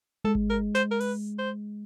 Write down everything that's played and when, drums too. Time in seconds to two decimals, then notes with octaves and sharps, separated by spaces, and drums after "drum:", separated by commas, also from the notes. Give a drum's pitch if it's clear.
0.24 G#3 A4
0.35 drum: kick G#1
0.50 A#4
0.75 C5, drum: snare
0.91 A#4
1.01 B4, drum: open hi-hat
1.38 C5